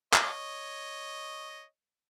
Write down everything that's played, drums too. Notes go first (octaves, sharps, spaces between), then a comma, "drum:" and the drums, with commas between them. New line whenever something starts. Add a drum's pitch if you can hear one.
C#5 D#5, drum: clap